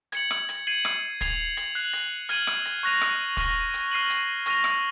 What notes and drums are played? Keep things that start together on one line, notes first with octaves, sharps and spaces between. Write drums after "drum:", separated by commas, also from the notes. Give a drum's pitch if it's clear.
G#6 C#7 F#7, drum: hi-hat
drum: rim click
drum: hi-hat
G#6 C7 D#7 F#7
drum: rim click
G#6 C7 F7, drum: kick, hi-hat
drum: hi-hat
F#6 C7 F#7
drum: hi-hat
F6 G#6 D#7 F#7, drum: hi-hat
drum: rim click
drum: hi-hat
C#6 F#6 A#6 F7
drum: rim click
C#6 F6 A#6 F7, drum: kick, hi-hat
drum: hi-hat
F6 C7 D#7 F#7
drum: hi-hat
C#6 F6 A#6 F7, drum: hi-hat
drum: rim click